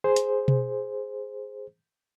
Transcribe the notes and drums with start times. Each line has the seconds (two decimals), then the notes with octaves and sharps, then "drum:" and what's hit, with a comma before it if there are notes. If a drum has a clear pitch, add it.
0.04 G#4 C5
0.16 drum: hi-hat
0.48 drum: tom B2